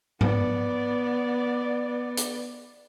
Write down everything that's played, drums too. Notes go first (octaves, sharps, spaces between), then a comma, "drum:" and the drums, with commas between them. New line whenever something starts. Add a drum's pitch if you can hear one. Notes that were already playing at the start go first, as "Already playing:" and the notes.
B3 D5, drum: tom G#2
drum: hi-hat